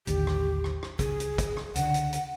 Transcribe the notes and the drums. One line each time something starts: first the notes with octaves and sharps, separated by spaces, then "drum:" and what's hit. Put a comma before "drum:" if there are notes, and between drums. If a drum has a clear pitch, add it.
A1 D#2 D3 G4, drum: hi-hat
drum: rim click
drum: rim click
drum: rim click
C#2 G#4, drum: kick, hi-hat
drum: hi-hat
drum: kick, hi-hat
drum: rim click
C#2 D3 F#5, drum: hi-hat
drum: hi-hat
drum: hi-hat